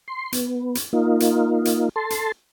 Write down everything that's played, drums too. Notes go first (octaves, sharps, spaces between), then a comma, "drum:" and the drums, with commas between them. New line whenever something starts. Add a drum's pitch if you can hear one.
C6
B3, drum: hi-hat
drum: hi-hat
A#3 D#4 F4
drum: hi-hat
drum: hi-hat
A4 A5 C6
drum: hi-hat